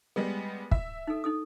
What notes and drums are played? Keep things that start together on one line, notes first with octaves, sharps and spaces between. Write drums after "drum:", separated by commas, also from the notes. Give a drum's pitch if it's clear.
G3 G#3 B3
E5, drum: kick
D#4 A4
D#4 A4 D#6